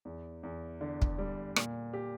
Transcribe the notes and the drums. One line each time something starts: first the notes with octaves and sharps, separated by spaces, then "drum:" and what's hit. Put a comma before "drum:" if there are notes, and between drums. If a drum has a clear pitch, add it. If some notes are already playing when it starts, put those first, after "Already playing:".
E2
E2
D3
drum: kick
G3
A#2, drum: rim click
G4